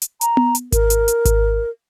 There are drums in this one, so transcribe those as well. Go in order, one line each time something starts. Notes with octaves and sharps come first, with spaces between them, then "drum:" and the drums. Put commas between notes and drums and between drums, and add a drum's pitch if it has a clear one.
drum: hi-hat
A#5, drum: hi-hat
drum: tom B3
drum: hi-hat
A#4, drum: kick G#1, hi-hat
drum: hi-hat
drum: hi-hat
drum: kick G#1, hi-hat